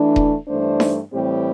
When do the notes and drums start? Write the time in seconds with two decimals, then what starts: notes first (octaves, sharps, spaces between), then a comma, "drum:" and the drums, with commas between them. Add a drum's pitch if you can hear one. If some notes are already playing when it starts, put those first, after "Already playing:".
Already playing: E3 A3 D4
0.16 drum: kick D#1
0.48 G2 E3 A3 D4 C5
0.80 drum: snare D#4
1.12 A2 E3 G3 C4 G4